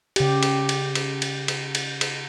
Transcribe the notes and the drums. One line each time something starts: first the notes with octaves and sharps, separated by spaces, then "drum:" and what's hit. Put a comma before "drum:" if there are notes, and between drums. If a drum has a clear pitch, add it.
C#3 G4, drum: cymbal
drum: cymbal
drum: cymbal
drum: cymbal
drum: cymbal
drum: cymbal
drum: cymbal
drum: cymbal